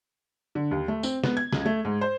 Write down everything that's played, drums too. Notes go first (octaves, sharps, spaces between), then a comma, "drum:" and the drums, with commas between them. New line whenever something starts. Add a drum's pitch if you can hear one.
D3
D#2
A3
C4, drum: tambourine
B3, drum: snare
G#6
C#2, drum: snare
A3
G#2
C5